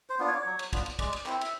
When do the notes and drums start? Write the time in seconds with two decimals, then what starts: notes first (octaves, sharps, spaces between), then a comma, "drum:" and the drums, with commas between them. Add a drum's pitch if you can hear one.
0.10 C5
0.19 B3 D4 F4
0.28 C#5
0.35 D5
0.42 F#3 C#5
0.59 drum: cymbal
0.73 B3 D4 F4, drum: kick, cymbal
0.86 drum: cymbal
0.99 G#3 D5, drum: kick, cymbal
1.13 drum: cymbal
1.26 C4 E4, drum: clap
1.41 E5, drum: cymbal